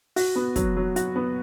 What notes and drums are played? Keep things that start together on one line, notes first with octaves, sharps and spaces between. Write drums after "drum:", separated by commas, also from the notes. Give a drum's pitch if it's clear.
F#4, drum: open hi-hat
B3
F#3, drum: kick, hi-hat
F#3
F#4, drum: hi-hat
B3